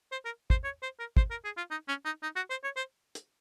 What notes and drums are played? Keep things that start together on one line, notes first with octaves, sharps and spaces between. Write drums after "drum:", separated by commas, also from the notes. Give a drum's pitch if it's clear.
C5
A#4
C5, drum: kick
C#5
C5
A#4
C5, drum: kick
A#4
G#4
F4
D#4
C#4
D#4
D#4
F#4
C5
C#5
C5
drum: hi-hat